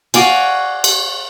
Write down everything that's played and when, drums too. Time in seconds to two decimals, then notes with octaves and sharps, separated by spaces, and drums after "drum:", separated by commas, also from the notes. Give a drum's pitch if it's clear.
0.14 F#4 D5 F5 G#5, drum: cymbal
0.84 drum: cymbal